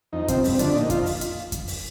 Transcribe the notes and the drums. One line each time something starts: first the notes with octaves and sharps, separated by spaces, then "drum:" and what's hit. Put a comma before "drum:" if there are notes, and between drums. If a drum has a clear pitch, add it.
F2 D#4
C3 F3 C4, drum: kick F2, hi-hat
G2 C4, drum: open hi-hat
D3 F3 D4, drum: hi-hat
A#2 D#4
F3 F4, drum: kick F2, hi-hat
drum: open hi-hat
drum: hi-hat
drum: kick F2, hi-hat
drum: open hi-hat